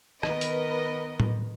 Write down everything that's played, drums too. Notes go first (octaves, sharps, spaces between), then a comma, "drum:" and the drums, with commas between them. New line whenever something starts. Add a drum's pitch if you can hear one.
D#3 B3 A#4 B4 D#5, drum: rim click
drum: hi-hat
drum: tom A2